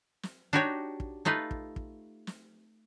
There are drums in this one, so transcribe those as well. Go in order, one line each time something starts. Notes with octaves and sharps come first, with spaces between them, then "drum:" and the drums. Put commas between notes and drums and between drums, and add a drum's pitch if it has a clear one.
drum: snare
D4 D#4 F#4 G4 C#5
drum: kick
A3 D#4 F4 B4
drum: kick
drum: kick
drum: snare